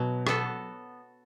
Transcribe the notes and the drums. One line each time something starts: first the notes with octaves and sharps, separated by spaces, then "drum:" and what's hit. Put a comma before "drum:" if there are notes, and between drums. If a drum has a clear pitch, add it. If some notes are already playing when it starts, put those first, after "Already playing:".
Already playing: B2 F#3
B3 F#4 A4, drum: rim click